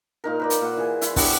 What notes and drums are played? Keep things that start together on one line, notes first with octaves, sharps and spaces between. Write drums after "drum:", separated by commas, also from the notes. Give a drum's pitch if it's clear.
A#2 D#4 A#4
B4 C5 D5
drum: hi-hat
A#2 F#5
E3 G#4
E4 E5 C6, drum: hi-hat
B3 D4 G4 C#5, drum: kick, open hi-hat